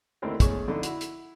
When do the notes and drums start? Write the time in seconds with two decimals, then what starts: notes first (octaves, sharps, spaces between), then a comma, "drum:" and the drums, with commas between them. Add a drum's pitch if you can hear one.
0.22 D#2 D3 A3 C4 E4 A#4
0.40 E2 G#3 A3 C#4 G#4 C#6, drum: kick, hi-hat
0.68 F2 D3 D#4 E4
0.83 E4 F#4, drum: hi-hat
1.01 drum: hi-hat